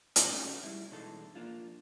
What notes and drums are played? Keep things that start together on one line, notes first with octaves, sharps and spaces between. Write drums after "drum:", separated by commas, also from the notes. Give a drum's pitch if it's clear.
E2 B2 C#4, drum: hi-hat
A3 C#4 D#4 F#4
G3 G#3 E4
B2 E3 G#3 D4 D#4 A4
F3 A#3 D4 F4